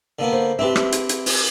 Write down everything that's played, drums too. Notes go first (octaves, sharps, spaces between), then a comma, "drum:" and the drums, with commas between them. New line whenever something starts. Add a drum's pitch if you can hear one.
D3 A#3 B3
C5
C4 D4 G4 B4 E5
drum: rim click
drum: hi-hat
drum: hi-hat
drum: open hi-hat